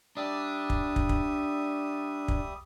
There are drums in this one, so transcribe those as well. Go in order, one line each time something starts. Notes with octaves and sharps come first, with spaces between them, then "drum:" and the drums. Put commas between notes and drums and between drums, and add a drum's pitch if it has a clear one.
G3 D4 E5 D#6
drum: kick
drum: kick
drum: kick
drum: kick